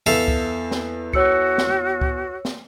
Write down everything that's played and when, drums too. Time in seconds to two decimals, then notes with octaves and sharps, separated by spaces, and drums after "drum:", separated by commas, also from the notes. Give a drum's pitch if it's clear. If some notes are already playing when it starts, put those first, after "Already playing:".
0.06 E2 A4 E5 F5
0.28 drum: kick C#2
0.71 drum: snare
1.13 F#4 C#5 E6 C#7, drum: kick C#2
1.58 drum: snare
2.01 drum: kick C#2
2.45 drum: snare